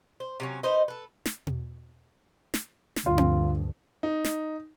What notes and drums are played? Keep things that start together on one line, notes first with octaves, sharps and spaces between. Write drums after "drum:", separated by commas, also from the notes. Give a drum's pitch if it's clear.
C5
C3 F#3 C#4
D#4 B4 C5 D#5
A4 B4
drum: snare
drum: tom
drum: snare
drum: snare
D2 G2 F4
drum: tom C4
D#4
drum: snare